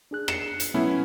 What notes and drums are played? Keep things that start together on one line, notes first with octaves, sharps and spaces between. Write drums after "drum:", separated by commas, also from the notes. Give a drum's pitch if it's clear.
D4 G#4 F#6
C7 C#7 E7, drum: rim click
drum: hi-hat
B2 F#3 A3 B3 C#4 E4